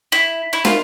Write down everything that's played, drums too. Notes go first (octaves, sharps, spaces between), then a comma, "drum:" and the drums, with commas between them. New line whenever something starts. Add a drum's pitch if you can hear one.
E4
E4
F4, drum: snare